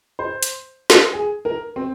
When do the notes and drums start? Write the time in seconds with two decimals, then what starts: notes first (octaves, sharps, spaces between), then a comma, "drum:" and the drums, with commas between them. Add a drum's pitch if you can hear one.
0.19 C5
0.43 drum: hi-hat
0.90 drum: snare
1.13 G#4
1.45 A#4
1.76 C4